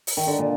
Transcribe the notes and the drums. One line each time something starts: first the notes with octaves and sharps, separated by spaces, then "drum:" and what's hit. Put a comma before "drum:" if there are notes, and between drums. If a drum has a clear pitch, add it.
drum: open hi-hat
D#3
D3
A#2